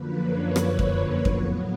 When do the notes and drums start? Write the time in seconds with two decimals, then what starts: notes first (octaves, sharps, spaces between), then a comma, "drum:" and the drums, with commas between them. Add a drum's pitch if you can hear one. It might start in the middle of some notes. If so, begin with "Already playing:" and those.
Already playing: F#2 D3 F3 A#3 B4
0.21 C#5
0.56 drum: rim click
0.79 drum: kick F2
1.25 A2 F#3 B3, drum: kick F2